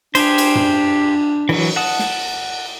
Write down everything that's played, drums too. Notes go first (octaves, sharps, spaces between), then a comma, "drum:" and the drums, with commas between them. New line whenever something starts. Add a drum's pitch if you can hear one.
D4 G4 G#4 C5, drum: cymbal
drum: cymbal
drum: tom
E3 F#3, drum: cymbal
F#5 A5 D#6
drum: snare